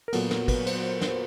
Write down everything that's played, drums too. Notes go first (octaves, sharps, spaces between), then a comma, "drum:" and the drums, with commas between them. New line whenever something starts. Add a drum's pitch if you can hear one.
A#4
A#2 F#3 B3 A4, drum: cymbal
A#4, drum: snare
B4, drum: kick, cymbal
C5, drum: cymbal
drum: snare